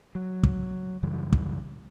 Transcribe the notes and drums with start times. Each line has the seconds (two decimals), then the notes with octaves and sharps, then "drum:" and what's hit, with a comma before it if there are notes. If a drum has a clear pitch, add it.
0.15 F#3
0.43 drum: kick
1.03 F#2 C#3 E3 G3
1.32 drum: kick